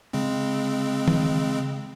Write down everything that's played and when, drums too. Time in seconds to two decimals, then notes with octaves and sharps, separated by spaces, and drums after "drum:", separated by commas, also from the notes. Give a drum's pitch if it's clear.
0.13 C#3 G#3 C4
1.08 drum: tom D#3